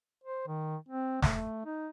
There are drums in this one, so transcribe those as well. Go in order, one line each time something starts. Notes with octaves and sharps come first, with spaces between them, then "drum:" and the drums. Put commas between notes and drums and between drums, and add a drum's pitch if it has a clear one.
C5
D#3
C4
A3, drum: snare
D#4